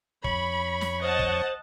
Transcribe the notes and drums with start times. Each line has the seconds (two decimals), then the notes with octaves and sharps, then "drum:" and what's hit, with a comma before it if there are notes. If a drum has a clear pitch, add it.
0.24 F2 C#5 B5 C#6, drum: kick
0.81 drum: snare
1.01 C5 D#5 F#5 A5
1.19 drum: kick